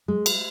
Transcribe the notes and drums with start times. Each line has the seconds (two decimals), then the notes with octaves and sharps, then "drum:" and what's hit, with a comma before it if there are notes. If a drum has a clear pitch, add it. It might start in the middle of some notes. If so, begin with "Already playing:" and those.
0.08 G#3
0.26 drum: cymbal